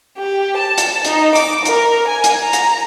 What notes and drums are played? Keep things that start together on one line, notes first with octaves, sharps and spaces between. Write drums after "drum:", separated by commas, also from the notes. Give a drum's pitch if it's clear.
G4
A5
drum: hi-hat
D#4, drum: hi-hat
D6, drum: hi-hat
A#4, drum: hi-hat
G#5
drum: hi-hat
A#5
drum: hi-hat